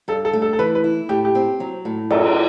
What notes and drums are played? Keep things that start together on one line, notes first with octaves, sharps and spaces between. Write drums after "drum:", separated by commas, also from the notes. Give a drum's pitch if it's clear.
G2 A4
A4
A3
A4
A4
E3 B4
B4
E4
A2 G4
G4
C4
F#3
A2
F#2 A4, drum: cymbal